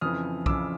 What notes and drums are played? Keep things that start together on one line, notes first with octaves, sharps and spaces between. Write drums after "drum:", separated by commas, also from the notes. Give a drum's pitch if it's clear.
F2 C#3 E3 D#6 F6
F2 C#3 E3 D6 E6, drum: kick